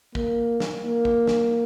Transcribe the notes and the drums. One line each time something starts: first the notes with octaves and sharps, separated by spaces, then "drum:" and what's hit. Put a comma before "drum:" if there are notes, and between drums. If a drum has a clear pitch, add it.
A#3, drum: kick
drum: snare
A#3
drum: kick
drum: snare